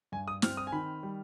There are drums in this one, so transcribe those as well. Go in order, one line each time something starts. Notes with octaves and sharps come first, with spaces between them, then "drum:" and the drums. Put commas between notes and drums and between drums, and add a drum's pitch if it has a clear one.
G2 G#5
D#6
C4 F6, drum: snare
D#6
G#5
D#3 B5
G3